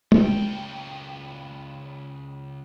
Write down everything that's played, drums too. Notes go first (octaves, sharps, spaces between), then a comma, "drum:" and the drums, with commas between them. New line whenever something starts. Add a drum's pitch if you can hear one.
C#2 G5, drum: tom